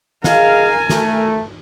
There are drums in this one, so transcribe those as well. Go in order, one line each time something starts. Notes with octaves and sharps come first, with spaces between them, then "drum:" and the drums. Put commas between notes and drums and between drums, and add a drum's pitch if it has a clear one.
G#4 A#4 D#5 F5 G#5, drum: snare
A3, drum: snare